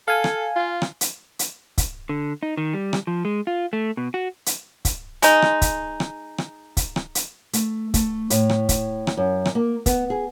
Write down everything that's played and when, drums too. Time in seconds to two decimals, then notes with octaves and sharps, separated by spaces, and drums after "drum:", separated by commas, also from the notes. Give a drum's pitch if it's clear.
0.08 A4 F5 G#5
0.24 drum: rim click
0.56 F4
0.82 drum: rim click
1.01 drum: hi-hat
1.39 drum: hi-hat
1.78 drum: kick, hi-hat
2.09 D3
2.43 D#4
2.57 D#3
2.74 G3
2.93 drum: rim click
3.07 F3
3.25 G#3
3.47 F4
3.73 A3
3.97 B2
4.14 F#4
4.46 drum: hi-hat
4.85 drum: kick, hi-hat
5.22 G#3 D#4, drum: hi-hat
5.42 drum: rim click
5.62 drum: kick, hi-hat
6.00 drum: rim click
6.38 drum: rim click
6.77 drum: kick, hi-hat
6.96 drum: rim click
7.15 drum: hi-hat
7.53 A3, drum: hi-hat
7.94 A3, drum: kick, hi-hat
8.30 A2, drum: hi-hat
8.50 drum: rim click
8.69 drum: kick, hi-hat
9.07 drum: rim click
9.17 F#2
9.45 drum: rim click
9.55 A#3
9.86 B3, drum: kick, hi-hat
10.10 G#4